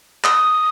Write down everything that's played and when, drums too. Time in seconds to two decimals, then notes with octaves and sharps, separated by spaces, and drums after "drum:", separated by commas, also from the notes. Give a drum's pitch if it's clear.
0.24 D#6, drum: clap